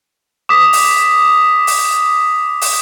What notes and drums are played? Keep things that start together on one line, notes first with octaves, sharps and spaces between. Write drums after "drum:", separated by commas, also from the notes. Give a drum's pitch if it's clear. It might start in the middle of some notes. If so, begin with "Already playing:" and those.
D6 D#6 B6
drum: open hi-hat
drum: open hi-hat
drum: open hi-hat